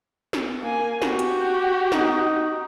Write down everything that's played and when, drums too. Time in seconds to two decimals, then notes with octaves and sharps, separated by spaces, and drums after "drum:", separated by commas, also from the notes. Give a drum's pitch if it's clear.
0.33 drum: snare
0.62 A#3 G#5
1.02 F#4 G4, drum: snare
1.19 drum: hi-hat
1.92 D#4, drum: snare